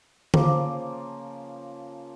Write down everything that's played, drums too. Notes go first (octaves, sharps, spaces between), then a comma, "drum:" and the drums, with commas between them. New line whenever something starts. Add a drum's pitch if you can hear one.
C#3 F3 A#3, drum: tom D3